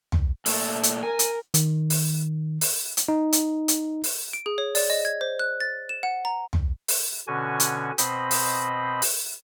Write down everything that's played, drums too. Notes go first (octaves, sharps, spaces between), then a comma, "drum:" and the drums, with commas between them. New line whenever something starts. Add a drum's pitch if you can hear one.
drum: tom
A#2 A3, drum: open hi-hat
drum: hi-hat
A#4 G#5
drum: hi-hat
D#3, drum: hi-hat
drum: open hi-hat
drum: open hi-hat
drum: hi-hat
D#4
drum: hi-hat
drum: hi-hat
drum: open hi-hat
D7
G#4
C#5
D5, drum: open hi-hat
D#5
G#6
C5
F#6
A6
E7
F#5
A#5
drum: tom
drum: open hi-hat
B2 D3 C#4 F#4 G#5
drum: hi-hat
B2 C4 C5 D#5 B5, drum: hi-hat
drum: open hi-hat
drum: open hi-hat